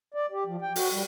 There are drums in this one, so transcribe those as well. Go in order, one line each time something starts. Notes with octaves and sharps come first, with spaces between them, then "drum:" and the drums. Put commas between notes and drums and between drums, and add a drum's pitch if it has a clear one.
D5
G4
F3
G5
F#4, drum: open hi-hat
G3